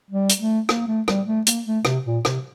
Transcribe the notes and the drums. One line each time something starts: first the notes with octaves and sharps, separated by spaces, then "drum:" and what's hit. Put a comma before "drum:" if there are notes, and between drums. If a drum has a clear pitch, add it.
G3
drum: hi-hat
A3
A#3, drum: rim click
A3
G3, drum: rim click
A3
A#3, drum: hi-hat
A3
C3, drum: rim click
A#2
C3, drum: rim click